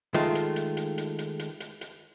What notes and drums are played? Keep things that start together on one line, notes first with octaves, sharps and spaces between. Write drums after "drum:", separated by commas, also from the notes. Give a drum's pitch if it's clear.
D#3 G#3 A3 F4, drum: hi-hat
drum: hi-hat
drum: hi-hat
drum: hi-hat
drum: hi-hat
drum: hi-hat
drum: hi-hat
drum: hi-hat
drum: hi-hat